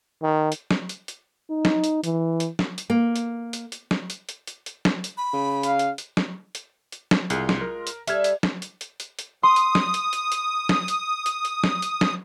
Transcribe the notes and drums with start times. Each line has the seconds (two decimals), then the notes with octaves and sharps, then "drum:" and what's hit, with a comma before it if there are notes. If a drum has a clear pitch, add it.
0.22 D#3
0.52 drum: hi-hat
0.71 drum: snare
0.89 drum: hi-hat
1.08 drum: hi-hat
1.50 D#4
1.65 drum: snare
1.84 drum: hi-hat
2.04 E3, drum: hi-hat
2.40 drum: hi-hat
2.59 drum: snare
2.78 drum: hi-hat
2.90 A#3
3.16 drum: hi-hat
3.53 drum: hi-hat
3.72 drum: hi-hat
3.91 drum: snare
4.10 drum: hi-hat
4.29 drum: hi-hat
4.47 drum: hi-hat
4.66 drum: hi-hat
4.85 drum: snare
5.04 drum: hi-hat
5.17 B5
5.33 C#3
5.63 F5, drum: hi-hat
5.79 drum: hi-hat
5.98 drum: hi-hat
6.17 drum: snare
6.55 drum: hi-hat
6.92 drum: hi-hat
7.11 drum: snare
7.30 C2 G#3 F4, drum: hi-hat
7.49 drum: snare
7.61 A#4
7.87 drum: hi-hat
8.07 G3 A4 E5 F6 G#6, drum: hi-hat
8.24 drum: hi-hat
8.43 drum: snare
8.62 drum: hi-hat
8.81 drum: hi-hat
9.00 drum: hi-hat
9.19 drum: hi-hat
9.43 C6 D#6
9.56 drum: hi-hat
9.75 drum: snare
9.94 drum: hi-hat
10.13 drum: hi-hat
10.32 drum: hi-hat
10.69 drum: snare
10.88 drum: hi-hat
11.26 drum: hi-hat
11.45 drum: hi-hat
11.64 drum: snare
11.82 drum: hi-hat
12.01 drum: snare